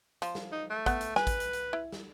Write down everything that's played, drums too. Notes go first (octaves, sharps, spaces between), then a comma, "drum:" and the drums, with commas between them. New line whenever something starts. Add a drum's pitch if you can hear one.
F3, drum: hi-hat
drum: snare
D#4
A3
B3, drum: kick, hi-hat
drum: hi-hat
B4 G#5, drum: snare
drum: kick, hi-hat
drum: hi-hat
drum: hi-hat
E4
drum: snare